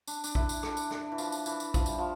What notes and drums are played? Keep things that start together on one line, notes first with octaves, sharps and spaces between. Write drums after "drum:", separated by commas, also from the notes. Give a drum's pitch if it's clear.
D4, drum: tambourine
D4, drum: tambourine
E4, drum: kick A#1
drum: tambourine
D4, drum: rim click
drum: tambourine
D4, drum: rim click
E3
F3, drum: tambourine
drum: tambourine
E3, drum: tambourine
drum: tambourine
F3, drum: kick A#1, tambourine
G3, drum: tambourine
F3